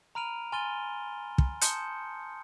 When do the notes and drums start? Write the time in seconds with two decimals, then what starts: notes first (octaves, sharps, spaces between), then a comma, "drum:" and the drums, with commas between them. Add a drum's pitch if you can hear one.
0.15 A#5 B5 F6 D7 D#7 F7
0.52 G#5 C6 F6 A6 D#7 G7
1.38 drum: kick
1.61 A5 C6 D#6 G6 C#7, drum: hi-hat